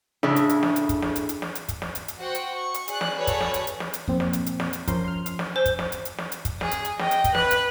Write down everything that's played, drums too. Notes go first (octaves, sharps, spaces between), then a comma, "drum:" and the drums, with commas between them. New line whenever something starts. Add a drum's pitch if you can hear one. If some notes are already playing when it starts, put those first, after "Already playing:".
A2 C#3 D4 E4 G#4, drum: snare
drum: hi-hat
drum: hi-hat
drum: snare
drum: hi-hat
drum: kick, hi-hat
drum: snare
drum: hi-hat
drum: hi-hat
drum: snare
drum: hi-hat
drum: kick, hi-hat
drum: snare
drum: hi-hat
drum: hi-hat
F#4 C5 F#5 G5
drum: hi-hat
C#6
drum: hi-hat
G#4 D5 F#6, drum: hi-hat
drum: snare
F#4 G#4 A4 B4 C#5 D5
drum: kick, hi-hat
drum: snare
drum: hi-hat
drum: hi-hat
drum: snare
drum: hi-hat
F2 A#2 C4, drum: kick
drum: snare
drum: hi-hat
drum: hi-hat
drum: snare
drum: hi-hat
F3 C#4 A#4 C5 C6, drum: kick, hi-hat
C6 F6
drum: hi-hat
drum: snare
C5 G#5 E6 G6
drum: kick, hi-hat
drum: snare
drum: hi-hat
drum: hi-hat
drum: snare
drum: hi-hat
drum: kick, hi-hat
G#4, drum: snare
drum: hi-hat
drum: hi-hat
D#5 G5, drum: snare
drum: hi-hat
drum: kick, hi-hat
B4 F#6, drum: snare
drum: hi-hat